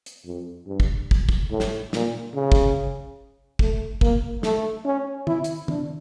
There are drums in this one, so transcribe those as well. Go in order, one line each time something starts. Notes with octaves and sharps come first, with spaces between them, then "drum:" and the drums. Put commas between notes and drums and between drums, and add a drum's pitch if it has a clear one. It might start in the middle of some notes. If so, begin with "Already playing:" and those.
drum: hi-hat
F2
G2
drum: kick
drum: kick
drum: kick
A2
drum: snare
A#2, drum: snare
C#3
drum: kick
A3, drum: kick
A#3, drum: kick
A3, drum: snare
C#4
E4, drum: tom
drum: hi-hat
D4, drum: tom